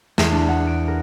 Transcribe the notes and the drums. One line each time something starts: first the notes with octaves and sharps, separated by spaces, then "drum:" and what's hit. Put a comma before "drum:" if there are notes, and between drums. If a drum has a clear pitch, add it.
E2, drum: snare
D4
F#5
D7
A#4